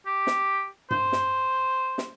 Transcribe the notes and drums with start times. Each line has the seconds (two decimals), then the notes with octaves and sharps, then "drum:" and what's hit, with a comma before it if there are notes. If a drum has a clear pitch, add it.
0.06 G4
0.27 drum: snare
0.91 C5, drum: tom G2
1.12 drum: snare
1.98 drum: snare